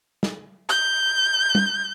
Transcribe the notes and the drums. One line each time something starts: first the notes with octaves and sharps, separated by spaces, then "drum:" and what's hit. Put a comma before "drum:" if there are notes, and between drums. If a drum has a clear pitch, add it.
drum: snare
G6, drum: hi-hat
drum: tom